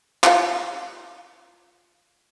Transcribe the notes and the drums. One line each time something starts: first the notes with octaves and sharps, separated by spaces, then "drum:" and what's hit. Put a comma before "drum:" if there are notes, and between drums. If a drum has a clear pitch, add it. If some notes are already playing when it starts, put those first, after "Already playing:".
F4 F5, drum: clap